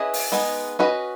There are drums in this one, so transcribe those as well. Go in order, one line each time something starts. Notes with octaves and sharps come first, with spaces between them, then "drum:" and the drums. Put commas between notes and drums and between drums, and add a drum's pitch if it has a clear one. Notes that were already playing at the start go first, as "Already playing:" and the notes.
Already playing: C#4 E4 G#4 B4 D#5
drum: open hi-hat
G#3 B3 D#4
C#4 F#4 B4 D#5